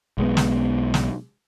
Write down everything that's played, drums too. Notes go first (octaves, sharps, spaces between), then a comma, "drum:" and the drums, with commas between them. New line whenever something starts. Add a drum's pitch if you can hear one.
B1 G#3 B3
drum: snare
drum: snare